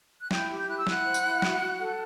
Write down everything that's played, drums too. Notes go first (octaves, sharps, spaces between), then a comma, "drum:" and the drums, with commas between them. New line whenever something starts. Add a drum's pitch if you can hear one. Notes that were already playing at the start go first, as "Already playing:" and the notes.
F#6
E4 G5 G6, drum: snare
G4
G6
E4 F#6
E6
E4 F#5 F#6, drum: snare
C5
drum: tambourine
E4
F#4, drum: snare
F#4
A4